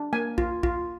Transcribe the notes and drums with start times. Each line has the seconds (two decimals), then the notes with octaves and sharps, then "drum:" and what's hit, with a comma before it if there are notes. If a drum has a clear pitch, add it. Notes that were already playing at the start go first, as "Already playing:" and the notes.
Already playing: D4
0.13 A#3 G#5
0.38 F4, drum: kick
0.63 F4, drum: kick